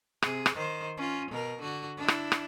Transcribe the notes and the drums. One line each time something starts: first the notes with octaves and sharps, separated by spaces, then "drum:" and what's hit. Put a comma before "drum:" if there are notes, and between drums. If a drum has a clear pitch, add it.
C3 G#4, drum: rim click
drum: rim click
D#3 C5
C#4 F4
B2 A#4
D3 F#4
D4 E4
drum: rim click
drum: rim click